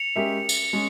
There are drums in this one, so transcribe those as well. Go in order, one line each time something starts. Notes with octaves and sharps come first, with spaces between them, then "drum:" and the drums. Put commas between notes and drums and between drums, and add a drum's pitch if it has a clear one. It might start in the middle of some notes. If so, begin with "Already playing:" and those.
Already playing: C#7 F7
G#3 C#4 G4 A#4 E5
drum: tambourine
G#3 C#4